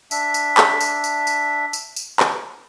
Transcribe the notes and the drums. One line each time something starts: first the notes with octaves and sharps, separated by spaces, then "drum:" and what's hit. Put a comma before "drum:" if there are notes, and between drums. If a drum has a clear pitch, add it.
D4 E5, drum: tambourine
drum: tambourine
drum: clap
drum: tambourine
drum: tambourine
drum: tambourine
drum: tambourine
drum: tambourine
drum: clap